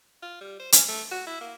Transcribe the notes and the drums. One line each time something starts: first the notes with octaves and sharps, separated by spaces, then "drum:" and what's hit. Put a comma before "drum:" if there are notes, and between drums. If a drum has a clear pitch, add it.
F4
G3
C5
C#4, drum: hi-hat
A3
F#4
E4
A#3